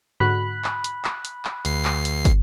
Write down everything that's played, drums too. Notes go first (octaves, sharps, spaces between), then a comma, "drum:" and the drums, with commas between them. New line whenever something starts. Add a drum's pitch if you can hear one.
G#2 D3 F#4 B5 F#6
drum: clap
drum: hi-hat
drum: clap
drum: hi-hat
drum: clap
D2 C7, drum: hi-hat
drum: clap
drum: hi-hat
drum: kick, hi-hat